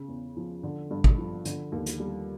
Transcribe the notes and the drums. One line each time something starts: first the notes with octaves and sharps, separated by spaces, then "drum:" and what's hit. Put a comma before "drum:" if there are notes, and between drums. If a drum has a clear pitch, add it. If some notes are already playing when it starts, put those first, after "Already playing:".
Already playing: C#3
E2
F3
D3
G2
drum: kick G#1
F3
D3, drum: hi-hat
D#2
drum: hi-hat
G3